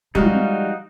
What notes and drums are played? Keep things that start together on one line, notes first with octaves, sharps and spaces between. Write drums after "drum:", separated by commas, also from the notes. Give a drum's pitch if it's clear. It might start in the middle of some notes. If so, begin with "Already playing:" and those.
B2 F3 G3 G#3 D#4 F#4 F5, drum: tom